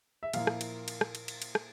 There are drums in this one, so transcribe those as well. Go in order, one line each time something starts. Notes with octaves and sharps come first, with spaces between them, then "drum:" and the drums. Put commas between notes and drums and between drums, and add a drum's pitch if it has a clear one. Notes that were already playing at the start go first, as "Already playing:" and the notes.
E5
A#2 F3 A#3 E4 F5, drum: cymbal
drum: rim click
drum: cymbal
drum: cymbal
drum: rim click
drum: cymbal
drum: cymbal
drum: cymbal
drum: rim click